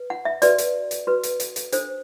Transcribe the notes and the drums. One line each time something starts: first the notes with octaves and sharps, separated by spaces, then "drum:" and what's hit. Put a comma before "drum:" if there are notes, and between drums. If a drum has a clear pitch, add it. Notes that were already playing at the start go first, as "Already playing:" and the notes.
Already playing: B4
F#5
E5
F#4 B4 D5, drum: hi-hat
drum: hi-hat
drum: hi-hat
F#4 B4
drum: hi-hat
drum: hi-hat
drum: hi-hat
D4 A4 C5, drum: hi-hat